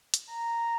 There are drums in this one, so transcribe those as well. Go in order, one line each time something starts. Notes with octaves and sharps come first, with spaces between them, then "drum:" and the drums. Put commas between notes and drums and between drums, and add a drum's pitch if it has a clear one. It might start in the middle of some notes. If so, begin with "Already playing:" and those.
drum: hi-hat
A#5